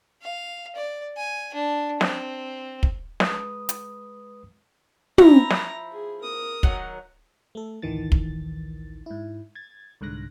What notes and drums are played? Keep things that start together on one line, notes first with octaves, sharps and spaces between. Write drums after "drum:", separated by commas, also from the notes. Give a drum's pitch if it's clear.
F5
D5
G#5
D4
C4, drum: snare
drum: kick
G#3 B4 D#6, drum: snare
drum: hi-hat
F3 E4 A#5, drum: tom
drum: snare
G#4
A#4 D#6
D#3 F#3 F#5, drum: kick
A3 A4
A1 D2 D#3 E3 A6
drum: kick
G#2 E4
G#6 A6
C2 G#2 D3 F#6 A#6